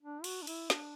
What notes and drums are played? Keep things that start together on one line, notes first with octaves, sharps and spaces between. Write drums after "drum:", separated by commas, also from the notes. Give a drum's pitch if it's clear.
D4
F#4, drum: cymbal
D4
E4, drum: cymbal
D4, drum: snare